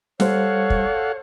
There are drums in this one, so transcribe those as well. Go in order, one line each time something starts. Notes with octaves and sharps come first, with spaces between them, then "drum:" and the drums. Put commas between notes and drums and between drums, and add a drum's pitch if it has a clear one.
G3 A4 C5 C#5 F5 F#5, drum: snare
drum: kick